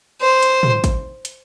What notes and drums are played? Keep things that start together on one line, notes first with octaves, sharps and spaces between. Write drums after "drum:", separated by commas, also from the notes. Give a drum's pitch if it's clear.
C5
drum: hi-hat
drum: tom
drum: kick, hi-hat
drum: hi-hat